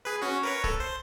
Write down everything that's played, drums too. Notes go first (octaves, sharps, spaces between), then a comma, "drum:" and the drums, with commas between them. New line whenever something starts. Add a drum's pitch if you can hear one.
G#4 B4
C#4 F#4
A#4 B4 C#5
A4, drum: kick C#1
C5